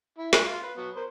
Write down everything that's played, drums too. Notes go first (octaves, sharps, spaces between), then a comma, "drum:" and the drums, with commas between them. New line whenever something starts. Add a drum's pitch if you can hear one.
E4
G#3 D4 E5, drum: snare
F5 C6
B4
F#3 B3
A#4 C5